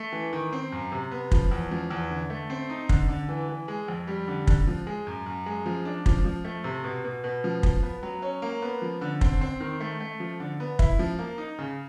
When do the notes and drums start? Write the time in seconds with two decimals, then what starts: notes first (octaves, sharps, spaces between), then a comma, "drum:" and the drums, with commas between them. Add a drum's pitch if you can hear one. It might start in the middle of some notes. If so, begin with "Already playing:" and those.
Already playing: A3
0.12 E3
0.33 D#3
0.52 C4
0.72 F#2
0.92 C3
1.11 B3
1.32 F3, drum: kick
1.51 E2
1.71 F3
1.90 E2
2.10 D3
2.30 A3
2.50 C4
2.70 D#4
2.89 D3, drum: kick
3.09 D3
3.29 E3
3.48 E3
3.68 G#3
3.88 F2
4.07 G3
4.28 D3
4.47 D3, drum: kick
4.67 F3
4.87 G#3
5.07 F#2
5.26 F#2
5.46 G#3
5.66 F3
5.85 D4
6.06 F3, drum: kick
6.25 F3
6.45 A3
6.64 C3
6.84 B2
7.04 B2
7.24 B2
7.44 F3
7.63 F3, drum: kick
7.83 B3
8.03 F#3
8.22 C#4
8.42 A#3
8.62 B3
8.82 F3
9.01 D3
9.21 C4, drum: kick
9.41 C4
9.60 D#3
9.80 A3
10.00 A3
10.20 F3
10.40 D3
10.60 B3
10.79 E4, drum: kick
10.99 F3
11.19 A#3
11.38 D#4
11.58 C#3